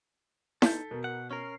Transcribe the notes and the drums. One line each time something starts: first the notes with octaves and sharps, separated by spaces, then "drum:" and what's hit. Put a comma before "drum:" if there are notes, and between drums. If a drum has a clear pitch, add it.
D#4 A4 G6 B6, drum: snare E4
B2 A#4
F#5
C#4 A#4 C7